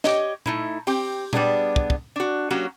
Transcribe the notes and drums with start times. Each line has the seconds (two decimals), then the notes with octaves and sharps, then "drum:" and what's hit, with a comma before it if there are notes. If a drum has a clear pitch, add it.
0.04 G4 C#5 D#5, drum: snare
0.46 A3 D#4 E4, drum: tom A#2
0.87 C4 G4, drum: open hi-hat
1.33 G3 B3 D4 G#4, drum: tom A#2
1.76 drum: kick
1.90 drum: kick
2.16 D4 F#4
2.50 F#3 A#3 C#4 F#4 G4